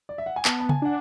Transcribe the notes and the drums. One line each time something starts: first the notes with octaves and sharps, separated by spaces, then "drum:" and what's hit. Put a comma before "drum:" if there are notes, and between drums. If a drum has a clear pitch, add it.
D5
E5
F#5
G#5
B3 A5, drum: clap
A5
G#5, drum: tom C#3
D4 F#5